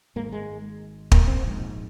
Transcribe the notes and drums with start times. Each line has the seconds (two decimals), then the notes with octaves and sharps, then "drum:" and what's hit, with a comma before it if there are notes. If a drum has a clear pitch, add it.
0.16 G#1 G#2 A#3
0.32 G#3
1.12 A#3, drum: kick
1.27 C4
1.44 A#1 G#2